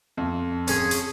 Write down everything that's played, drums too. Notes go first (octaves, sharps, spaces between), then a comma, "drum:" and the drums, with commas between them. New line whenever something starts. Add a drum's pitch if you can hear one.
F2
C#4 G#4, drum: hi-hat
drum: hi-hat